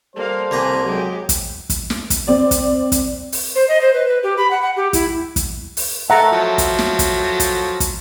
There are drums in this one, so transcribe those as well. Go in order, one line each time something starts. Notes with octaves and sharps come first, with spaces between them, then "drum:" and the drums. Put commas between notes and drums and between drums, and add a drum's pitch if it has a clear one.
G3 A#3 A4 C5 F5
C2 A#3 B4 G#5 A#5
F#3 G#3 G4
drum: kick, hi-hat
drum: kick, hi-hat
drum: snare
drum: kick, hi-hat
C4 D5
drum: kick, hi-hat
drum: kick, hi-hat
drum: open hi-hat
C5
D#5
C5
B4
B4
G4
B5
F#5
F#5
G4
E4, drum: kick, hi-hat
drum: kick, hi-hat
drum: open hi-hat
A3 A4 E5 F#5 A5 A#5
F3 F#3
drum: kick, hi-hat
drum: snare
drum: kick, hi-hat
drum: kick, hi-hat
drum: kick, hi-hat